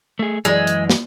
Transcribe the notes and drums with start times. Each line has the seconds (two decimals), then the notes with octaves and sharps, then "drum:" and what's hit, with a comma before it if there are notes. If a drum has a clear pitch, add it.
0.19 A3 G#4
0.45 F#2 E3 G#3 G#5
0.67 drum: hi-hat
0.90 drum: snare